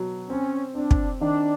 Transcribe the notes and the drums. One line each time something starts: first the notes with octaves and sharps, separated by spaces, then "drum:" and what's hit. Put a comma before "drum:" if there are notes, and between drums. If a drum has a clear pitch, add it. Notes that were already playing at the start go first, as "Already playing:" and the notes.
Already playing: B2 F#3
C4 C#4
C4 D4
drum: kick
D#3 D4